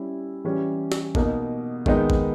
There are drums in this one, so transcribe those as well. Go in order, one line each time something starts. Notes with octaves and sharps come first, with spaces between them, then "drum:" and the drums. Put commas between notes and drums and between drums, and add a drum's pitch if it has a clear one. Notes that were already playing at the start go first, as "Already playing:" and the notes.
Already playing: G3 C#4 E4
E3 G3 C#4
drum: snare
B2 A#3 D#4, drum: kick G#1
D#3 G#3 B3 D#4, drum: kick G#1
drum: kick G#1